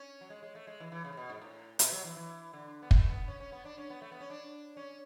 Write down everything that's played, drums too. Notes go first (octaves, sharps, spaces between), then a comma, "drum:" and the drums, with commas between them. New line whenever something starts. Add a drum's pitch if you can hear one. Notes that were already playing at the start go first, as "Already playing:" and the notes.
Already playing: C#4
F#3
G#3
G#3
A3
G#3
E3
E3
C#3
A2
B2
G#2
A2
B2, drum: hi-hat
F#3
E3
E3
D3
B3
A3, drum: kick
B3
C#4
C#4
B3
D4
C#4
B3
A3
B3
C#4
D4
C#4